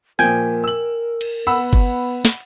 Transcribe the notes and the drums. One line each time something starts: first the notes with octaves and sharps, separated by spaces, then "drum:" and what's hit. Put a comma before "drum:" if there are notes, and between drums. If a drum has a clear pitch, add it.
A#2 F3 A#4 G5 G#5
E6 F#7
drum: cymbal
B3 F#5 B5 E6
drum: kick, cymbal
drum: snare